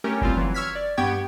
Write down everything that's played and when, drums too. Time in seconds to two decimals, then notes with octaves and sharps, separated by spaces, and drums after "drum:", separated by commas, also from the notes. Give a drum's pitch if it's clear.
0.04 A3 C#4 G4 A#4
0.22 G3 C4 F4, drum: kick F#1
0.37 E3 F#3
0.54 C#6 E6 F6 G#6 B6
0.75 D5
0.97 G2 B3 G4 G5 C#6 G#6